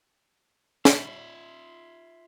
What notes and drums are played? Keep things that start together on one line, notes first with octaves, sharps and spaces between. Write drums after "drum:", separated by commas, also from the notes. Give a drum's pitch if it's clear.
F4 E5, drum: snare